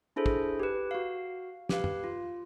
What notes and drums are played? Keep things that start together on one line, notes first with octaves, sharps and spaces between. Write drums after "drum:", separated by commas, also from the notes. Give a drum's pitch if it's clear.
D4 E4 G#4 A4 C5
drum: kick
G4 B4
F#4 F5
G4 B4 F5, drum: snare
drum: tom
F4